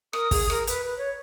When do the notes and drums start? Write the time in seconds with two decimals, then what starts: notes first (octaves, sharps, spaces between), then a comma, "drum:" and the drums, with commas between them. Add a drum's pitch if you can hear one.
0.13 A#4 D#6, drum: rim click
0.31 G#4, drum: kick, open hi-hat
0.50 A#4, drum: rim click
0.67 B4, drum: hi-hat
0.85 B4
0.98 C#5